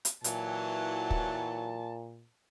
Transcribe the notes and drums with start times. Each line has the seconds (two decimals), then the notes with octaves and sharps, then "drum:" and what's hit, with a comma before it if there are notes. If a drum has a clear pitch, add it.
0.05 drum: hi-hat
0.24 A#2 E3 F#3 A5, drum: hi-hat
1.10 drum: kick